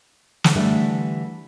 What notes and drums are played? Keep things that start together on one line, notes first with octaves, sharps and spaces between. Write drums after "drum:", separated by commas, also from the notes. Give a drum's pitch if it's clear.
drum: snare
D3 E3 G3 A3 D4